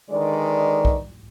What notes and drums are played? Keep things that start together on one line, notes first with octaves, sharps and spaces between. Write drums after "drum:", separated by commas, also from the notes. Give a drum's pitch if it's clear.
D3 D#3 G#3 B4 D5
drum: kick B1